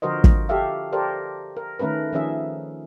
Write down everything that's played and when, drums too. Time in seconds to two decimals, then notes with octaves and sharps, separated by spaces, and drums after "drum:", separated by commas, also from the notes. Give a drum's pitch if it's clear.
0.02 D3 F3 F#4 A#4 C5 D#5
0.24 drum: kick
0.49 F#4 G4 A4 E5 F5
0.92 G4 A4 A#4 C5 D5
1.57 A#4
1.79 D#3 A3 C#4 A#4 B4
2.13 D#3 F3 C#4 G#4 E5